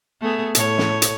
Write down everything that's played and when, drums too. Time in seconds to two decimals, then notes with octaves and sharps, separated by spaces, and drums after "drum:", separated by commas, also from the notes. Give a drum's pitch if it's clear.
0.22 A3 B3 G#4
0.55 A2 C#5, drum: hi-hat
0.78 drum: snare
1.02 drum: hi-hat